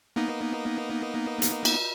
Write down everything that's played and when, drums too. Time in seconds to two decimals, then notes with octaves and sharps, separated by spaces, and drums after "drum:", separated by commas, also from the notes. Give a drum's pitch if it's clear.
0.16 A#3 B3 D#4
1.42 drum: hi-hat
1.65 drum: cymbal